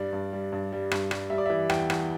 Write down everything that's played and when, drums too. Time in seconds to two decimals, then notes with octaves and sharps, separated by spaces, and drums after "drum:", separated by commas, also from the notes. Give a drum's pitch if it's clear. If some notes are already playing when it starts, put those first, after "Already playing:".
Already playing: G2 G3 D5
0.13 G2
0.33 G3
0.52 G2
0.72 G3
0.91 G2, drum: rim click
1.11 G3, drum: rim click
1.30 G3 E5
1.38 D5
1.46 E5
1.50 E3
1.70 E2 G5, drum: rim click
1.90 E2, drum: rim click